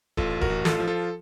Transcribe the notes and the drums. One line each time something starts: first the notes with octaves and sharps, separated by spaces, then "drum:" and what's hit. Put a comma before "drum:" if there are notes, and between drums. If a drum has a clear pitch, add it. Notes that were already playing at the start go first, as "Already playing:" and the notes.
A1 F4 A4, drum: kick D#1
F#4 A#4, drum: kick D#1
A1
F4 A4, drum: snare
F3
F4 A4